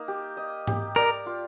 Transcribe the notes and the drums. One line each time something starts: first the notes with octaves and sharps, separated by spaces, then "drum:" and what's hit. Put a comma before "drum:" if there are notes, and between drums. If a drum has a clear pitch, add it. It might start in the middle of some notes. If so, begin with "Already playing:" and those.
Already playing: A#3 D#4
G4
D#5
G4, drum: tom G#2
A#4 D5
F4